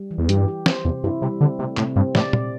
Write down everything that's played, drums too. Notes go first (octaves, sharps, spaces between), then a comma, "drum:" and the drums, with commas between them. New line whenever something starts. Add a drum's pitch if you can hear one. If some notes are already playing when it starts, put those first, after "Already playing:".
Already playing: G3
E3
E2
G2 G4, drum: hi-hat
G4
C5, drum: snare
E2 C3
G2 E4
C3 G3
D3 C4
C3 A3
A2 C3, drum: clap
G2 C4
A2 D5, drum: snare
D5, drum: tom A#2